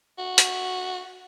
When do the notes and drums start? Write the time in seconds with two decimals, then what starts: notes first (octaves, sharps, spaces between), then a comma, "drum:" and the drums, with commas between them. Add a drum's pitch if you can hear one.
0.19 F#4
0.38 drum: hi-hat